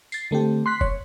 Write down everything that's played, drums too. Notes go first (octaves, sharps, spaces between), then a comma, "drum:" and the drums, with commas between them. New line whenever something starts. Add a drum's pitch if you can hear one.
A6 C7, drum: tambourine
D3 A3 C4 G4
C6 F#6 B6
C#5, drum: kick F1